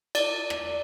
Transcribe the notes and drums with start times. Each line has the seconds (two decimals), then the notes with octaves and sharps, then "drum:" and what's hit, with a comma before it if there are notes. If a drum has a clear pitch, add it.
0.15 D5, drum: cymbal
0.50 drum: rim click